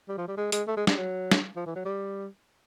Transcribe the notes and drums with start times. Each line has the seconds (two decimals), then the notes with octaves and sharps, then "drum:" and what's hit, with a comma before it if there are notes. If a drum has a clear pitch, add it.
0.09 G3
0.18 F3
0.28 G3
0.37 G#3
0.52 G#3, drum: hi-hat
0.68 A3
0.77 G#3
0.87 G3, drum: snare
0.97 F#3
1.32 drum: snare
1.56 F3
1.66 E3
1.76 F#3
1.85 G3